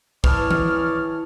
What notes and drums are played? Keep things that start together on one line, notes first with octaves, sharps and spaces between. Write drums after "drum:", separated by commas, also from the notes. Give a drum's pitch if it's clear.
E3 G#4 B4 C#5 D5 A5 F6, drum: kick
drum: tom D#3